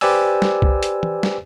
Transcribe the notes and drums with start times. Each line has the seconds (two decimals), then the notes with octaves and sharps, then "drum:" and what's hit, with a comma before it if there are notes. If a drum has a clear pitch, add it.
0.01 G4 B4 C5 D5 G#5 E6, drum: open hi-hat
0.42 drum: snare
0.62 drum: kick C2
0.83 drum: hi-hat
1.03 drum: tom
1.23 drum: snare